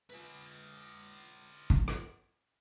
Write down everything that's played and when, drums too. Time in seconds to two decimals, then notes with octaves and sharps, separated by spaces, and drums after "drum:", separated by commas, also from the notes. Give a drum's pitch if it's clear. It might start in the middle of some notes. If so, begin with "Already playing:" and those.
0.10 F4 B4
1.70 drum: kick
1.88 drum: rim click